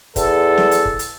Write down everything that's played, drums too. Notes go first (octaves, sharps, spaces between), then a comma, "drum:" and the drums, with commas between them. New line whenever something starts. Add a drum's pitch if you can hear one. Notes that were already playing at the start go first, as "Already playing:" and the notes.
E2 A4, drum: kick, hi-hat
drum: snare
drum: hi-hat
drum: kick
drum: hi-hat